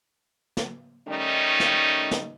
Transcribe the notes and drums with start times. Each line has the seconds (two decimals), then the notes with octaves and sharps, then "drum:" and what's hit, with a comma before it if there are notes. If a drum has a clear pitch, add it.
0.57 drum: snare
1.08 D#3 G3 A3 C#4 D#4
1.60 drum: snare
2.11 drum: snare